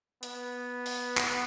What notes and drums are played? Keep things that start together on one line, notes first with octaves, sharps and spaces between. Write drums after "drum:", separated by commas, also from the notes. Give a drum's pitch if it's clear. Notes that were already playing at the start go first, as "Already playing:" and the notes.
B3, drum: hi-hat
drum: open hi-hat
drum: clap